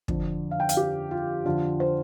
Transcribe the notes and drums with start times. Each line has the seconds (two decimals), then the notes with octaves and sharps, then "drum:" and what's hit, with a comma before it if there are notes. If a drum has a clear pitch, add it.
0.08 F2 D3, drum: kick
0.51 F5
0.60 G5
0.69 F5, drum: hi-hat
0.77 G4
1.11 F4
1.45 F2 D3 F4
1.80 C5